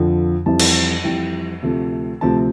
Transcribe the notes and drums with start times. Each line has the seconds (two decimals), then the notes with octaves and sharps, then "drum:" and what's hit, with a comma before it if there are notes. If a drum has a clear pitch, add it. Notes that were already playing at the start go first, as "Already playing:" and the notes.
Already playing: F2 D3 F3
0.46 F2 E3 G3 C4 E4 A5
0.60 drum: cymbal
1.04 F2 E3 G3 C4 E4 G5
1.62 D2 C3 F3 A3 C4
2.21 D2 C3 F3 A3 C4 A5